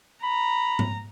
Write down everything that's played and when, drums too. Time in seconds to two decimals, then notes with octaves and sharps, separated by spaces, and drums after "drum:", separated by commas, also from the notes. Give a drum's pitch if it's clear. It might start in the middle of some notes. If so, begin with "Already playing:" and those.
0.23 A#5 B5
0.79 drum: tom G#2